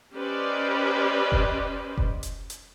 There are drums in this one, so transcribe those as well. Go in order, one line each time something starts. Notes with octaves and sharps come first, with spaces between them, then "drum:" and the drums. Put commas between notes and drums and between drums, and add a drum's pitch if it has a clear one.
C#4 G4 B4 C5 D5 D#5
drum: kick F1
drum: kick F1
drum: hi-hat
drum: hi-hat